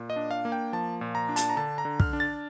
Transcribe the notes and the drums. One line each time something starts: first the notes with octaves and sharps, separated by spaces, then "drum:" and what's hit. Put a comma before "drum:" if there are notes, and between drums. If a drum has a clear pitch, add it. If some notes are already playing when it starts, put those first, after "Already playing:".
Already playing: A#2
D#5
D4
F5
A#3
G5
F3 A5
A#2
A#5
D4
A5, drum: hi-hat
A#5
D3 A5
A#5
D3
F6, drum: kick
D4
A6